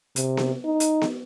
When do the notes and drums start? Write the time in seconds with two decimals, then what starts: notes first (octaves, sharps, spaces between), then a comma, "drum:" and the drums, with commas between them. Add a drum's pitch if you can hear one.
0.16 C3, drum: hi-hat
0.37 drum: snare B3
0.65 D#4
0.80 drum: hi-hat
1.01 drum: snare B3